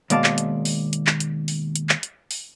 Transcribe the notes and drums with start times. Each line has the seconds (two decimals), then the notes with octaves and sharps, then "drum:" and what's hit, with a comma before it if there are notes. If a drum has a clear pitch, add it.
0.10 D#2 B2 G#3 D5 F5 A5, drum: hi-hat
0.24 drum: clap
0.38 drum: hi-hat
0.65 drum: open hi-hat
0.93 drum: hi-hat
1.07 drum: clap
1.20 drum: hi-hat
1.48 drum: open hi-hat
1.76 drum: hi-hat
1.89 drum: clap
2.03 drum: hi-hat
2.31 drum: open hi-hat